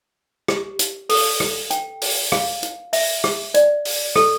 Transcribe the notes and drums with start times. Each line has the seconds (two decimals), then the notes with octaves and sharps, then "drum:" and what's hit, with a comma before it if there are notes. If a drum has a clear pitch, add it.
0.48 G4, drum: rim click
0.79 drum: hi-hat
1.09 A4, drum: open hi-hat
1.40 drum: rim click
1.70 G5, drum: hi-hat
2.01 drum: open hi-hat
2.32 F5, drum: rim click
2.63 drum: hi-hat
2.93 E5, drum: open hi-hat
3.24 drum: rim click
3.54 D5, drum: hi-hat
3.85 drum: open hi-hat
4.16 A4, drum: rim click